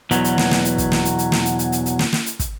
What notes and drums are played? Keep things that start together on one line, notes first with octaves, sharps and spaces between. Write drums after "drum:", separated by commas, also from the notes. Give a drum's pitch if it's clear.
E2 B2 F#3, drum: hi-hat
drum: hi-hat
drum: snare
drum: snare
drum: hi-hat
drum: kick, hi-hat
drum: snare
drum: hi-hat
drum: hi-hat
drum: snare
drum: hi-hat
drum: hi-hat
drum: hi-hat
drum: hi-hat
drum: snare
drum: snare
drum: hi-hat
drum: kick, hi-hat